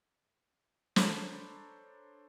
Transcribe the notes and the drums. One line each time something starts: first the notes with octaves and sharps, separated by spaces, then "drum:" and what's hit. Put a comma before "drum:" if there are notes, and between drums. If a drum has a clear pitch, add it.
D4 A4 C5 C#5 A#5 B5, drum: snare